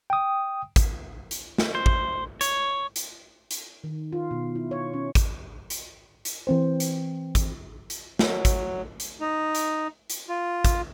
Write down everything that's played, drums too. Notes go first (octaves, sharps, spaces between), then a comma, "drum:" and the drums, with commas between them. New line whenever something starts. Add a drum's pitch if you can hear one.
G5 D#6
drum: kick G#1, hi-hat
drum: hi-hat
drum: snare
C5
drum: kick G#1
C#5, drum: hi-hat
drum: hi-hat
drum: hi-hat
D#3
F4
B2
E4
C#5
C#4
drum: kick G#1, hi-hat
drum: hi-hat
drum: hi-hat
E3 C4 C5
drum: hi-hat
drum: kick G#1, hi-hat
drum: hi-hat
F#3, drum: snare
drum: kick G#1, hi-hat
drum: hi-hat
D#4
drum: hi-hat
drum: hi-hat
F4
drum: kick G#1, hi-hat